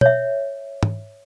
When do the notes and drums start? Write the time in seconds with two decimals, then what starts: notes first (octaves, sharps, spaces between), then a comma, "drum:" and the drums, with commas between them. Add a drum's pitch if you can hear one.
0.01 C#5 E5, drum: tom
0.83 drum: tom G#2